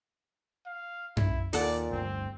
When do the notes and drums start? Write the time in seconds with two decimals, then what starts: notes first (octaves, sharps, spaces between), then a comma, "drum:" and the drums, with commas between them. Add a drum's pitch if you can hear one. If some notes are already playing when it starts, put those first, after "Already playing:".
0.66 F5
1.17 E4, drum: tom F#2
1.53 D#2 A#2 D#4 A4 D5 F#5, drum: open hi-hat
1.91 G1 D2 G2 C4